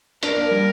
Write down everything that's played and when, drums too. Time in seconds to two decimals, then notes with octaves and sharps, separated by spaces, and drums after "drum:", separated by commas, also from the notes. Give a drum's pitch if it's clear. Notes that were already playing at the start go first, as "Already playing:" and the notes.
0.23 D4 A#4, drum: hi-hat
0.37 A#3
0.51 G3